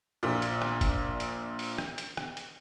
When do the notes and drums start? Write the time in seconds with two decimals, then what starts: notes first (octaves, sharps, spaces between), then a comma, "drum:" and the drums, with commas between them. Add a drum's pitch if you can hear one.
0.23 A#1 A#2
0.42 drum: hi-hat
0.62 drum: rim click
0.81 drum: kick F1, hi-hat
1.20 drum: hi-hat
1.59 drum: open hi-hat
1.78 drum: rim click
1.98 drum: hi-hat
2.17 drum: rim click
2.37 drum: hi-hat